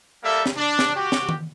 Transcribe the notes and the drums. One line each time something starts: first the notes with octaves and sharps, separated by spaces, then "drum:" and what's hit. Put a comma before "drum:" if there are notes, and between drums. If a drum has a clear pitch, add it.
G3 A#3 A4 E5
drum: snare
D4
drum: snare
F#4 G4
drum: snare
drum: tom D#3